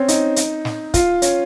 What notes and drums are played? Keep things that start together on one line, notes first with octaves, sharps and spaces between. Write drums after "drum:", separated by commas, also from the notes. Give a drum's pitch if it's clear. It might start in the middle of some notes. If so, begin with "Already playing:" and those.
Already playing: C4 C#4
D#4, drum: hi-hat
drum: hi-hat
drum: snare
F4, drum: kick, hi-hat
C#4, drum: hi-hat